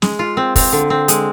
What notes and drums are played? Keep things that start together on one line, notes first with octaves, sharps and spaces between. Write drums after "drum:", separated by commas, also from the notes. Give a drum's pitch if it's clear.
G#3, drum: snare
F4
C4
C4, drum: kick, open hi-hat
D3
C4
G#3, drum: hi-hat